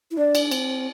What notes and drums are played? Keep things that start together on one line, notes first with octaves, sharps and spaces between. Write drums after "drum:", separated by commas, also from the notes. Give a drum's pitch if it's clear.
E4
D4 D5
drum: cymbal
C4, drum: cymbal